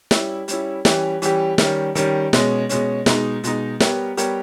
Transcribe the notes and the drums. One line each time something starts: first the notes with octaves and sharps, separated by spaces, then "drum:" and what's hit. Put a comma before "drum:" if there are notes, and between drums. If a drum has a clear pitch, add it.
G3 C#4 E4, drum: snare
G3 C#4 E4, drum: hi-hat
E3 G3 C#4 G4, drum: snare
E3 G3 C#4 G4, drum: hi-hat
D#3 G3 C#4, drum: snare
D#3 G3 C#4, drum: hi-hat
B2 G#3 C#4, drum: snare
B2 G#3 C#4, drum: hi-hat
B2 G#3 D#4, drum: snare
B2 G#3 D#4, drum: hi-hat
G3 B3 G4 A#4 C#5, drum: snare
G3 B3 G4 A#4 C#5, drum: hi-hat